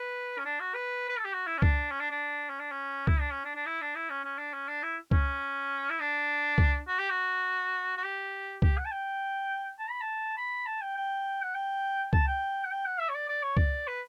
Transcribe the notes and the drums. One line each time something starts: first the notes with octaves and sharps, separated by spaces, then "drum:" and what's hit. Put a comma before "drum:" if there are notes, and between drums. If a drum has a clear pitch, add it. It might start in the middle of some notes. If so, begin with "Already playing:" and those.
Already playing: B4
C#4
D4
F#4
B4
B4
A4
G4
F#4
E4
C#4
D4, drum: kick C#2
C#4
D4
D4
C#4
D4
C#4
E4, drum: kick C#2
D4
C#4
D4
D4
E4
D4
E4
C#4
C#4
D4
C#4
D4
E4
C#4, drum: kick C#2
E4
D4
drum: kick C#2
F#4
G4
F#4
F#4
G4
G4, drum: kick C#2
F#5
A5
G5
A5
B5
A5
B5
A5
G5
G5
F#5
G5
A5, drum: kick C#2
G5
F#5
G5
F#5
E5
C#5
D5
D5
C#5
D5, drum: kick C#2
B4